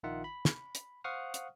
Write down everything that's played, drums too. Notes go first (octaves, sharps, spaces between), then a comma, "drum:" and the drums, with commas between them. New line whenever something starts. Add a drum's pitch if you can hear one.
A#1 D#3 D#4 F4 E5 F#5
B5
drum: snare
drum: hi-hat
C5 F5 F#5 C#6 D#6 F6
drum: hi-hat